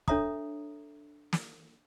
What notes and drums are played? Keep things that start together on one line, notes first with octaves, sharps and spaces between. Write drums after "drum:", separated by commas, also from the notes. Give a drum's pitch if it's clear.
D4 A4 C#5 E5 A#5 D#6, drum: kick
drum: snare